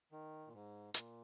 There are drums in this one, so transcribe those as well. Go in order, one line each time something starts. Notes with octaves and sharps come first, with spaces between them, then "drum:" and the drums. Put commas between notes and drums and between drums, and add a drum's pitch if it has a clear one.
D#3
A#2
G#2
A#2, drum: hi-hat